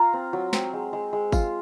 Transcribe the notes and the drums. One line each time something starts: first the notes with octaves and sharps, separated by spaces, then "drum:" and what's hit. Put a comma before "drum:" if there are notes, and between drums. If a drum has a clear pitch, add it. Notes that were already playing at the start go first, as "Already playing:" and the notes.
Already playing: F4 A#5
C4
F#3
C4, drum: snare
G#3
G#3
G#3
F4, drum: kick G#1, tambourine